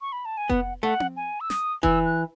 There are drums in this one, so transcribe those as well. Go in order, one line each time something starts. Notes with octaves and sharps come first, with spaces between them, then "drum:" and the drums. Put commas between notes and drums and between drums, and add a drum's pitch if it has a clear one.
C#6
B5
A5
G#5
B3 F#5, drum: kick F1
A3 F#5
drum: tom C4
G#5
E6
D#6, drum: snare
E3 E6, drum: kick F1
F#6